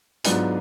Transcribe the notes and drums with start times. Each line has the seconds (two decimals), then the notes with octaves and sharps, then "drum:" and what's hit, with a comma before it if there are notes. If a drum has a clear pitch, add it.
0.24 G#2 F#3 B3 D4 F4, drum: hi-hat